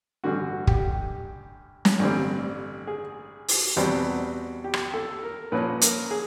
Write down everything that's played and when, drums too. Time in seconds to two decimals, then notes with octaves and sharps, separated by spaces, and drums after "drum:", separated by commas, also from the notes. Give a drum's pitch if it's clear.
0.24 A1 G2 D3 F#4
0.67 G4, drum: kick
1.85 drum: snare
1.99 A1 G2 D3 G3 C4
2.87 G#4
3.48 drum: open hi-hat
3.76 E2 B2 G3 C4
4.64 G4
4.74 drum: rim click
4.94 A4
5.23 A#4
5.52 A#2 F3 A#3 C#4 B4
5.81 A#4, drum: hi-hat
6.11 G#4